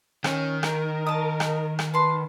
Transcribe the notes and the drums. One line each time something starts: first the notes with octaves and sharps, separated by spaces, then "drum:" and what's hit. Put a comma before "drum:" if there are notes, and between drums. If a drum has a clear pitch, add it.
D#3 C#4, drum: rim click
D#4 A#4, drum: rim click
D#5 A5 D#6
drum: rim click
drum: rim click
B4 A5 C6